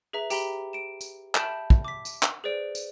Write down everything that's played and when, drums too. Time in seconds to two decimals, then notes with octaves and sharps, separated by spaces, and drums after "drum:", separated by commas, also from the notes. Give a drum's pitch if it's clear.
0.13 G#4 B4 E5 A#5
0.30 G4 G5 A#5 B5 B6 G7, drum: tambourine
0.73 D7 E7
1.01 drum: tambourine
1.35 E5 G5 A5 B5 G6 E7, drum: clap
1.70 drum: kick
1.85 D6 B6
2.05 drum: tambourine
2.23 drum: clap
2.44 G#4 B4 C5 D5 D7
2.75 drum: tambourine